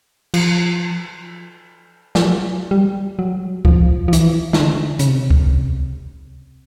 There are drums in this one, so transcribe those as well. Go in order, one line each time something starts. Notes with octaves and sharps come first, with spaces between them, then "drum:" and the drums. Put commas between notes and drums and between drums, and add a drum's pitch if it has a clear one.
F3, drum: cymbal
F3, drum: snare
F#3
G3
F#3
F3, drum: kick C2
F3
E3, drum: hi-hat
D#3, drum: snare
D3
C#3, drum: hi-hat
C3
drum: kick C2